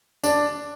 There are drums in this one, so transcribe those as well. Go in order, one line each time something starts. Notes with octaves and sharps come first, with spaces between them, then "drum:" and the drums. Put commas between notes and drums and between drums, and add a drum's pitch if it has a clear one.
D4, drum: tambourine